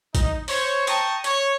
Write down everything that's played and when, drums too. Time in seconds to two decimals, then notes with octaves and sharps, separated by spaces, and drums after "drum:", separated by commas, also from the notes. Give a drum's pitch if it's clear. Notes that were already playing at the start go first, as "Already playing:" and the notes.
0.15 D#4, drum: kick A1, hi-hat
0.48 C5 C#5, drum: open hi-hat
0.87 G5 A5 A#5 C#6 D#6, drum: hi-hat
1.24 C#5, drum: hi-hat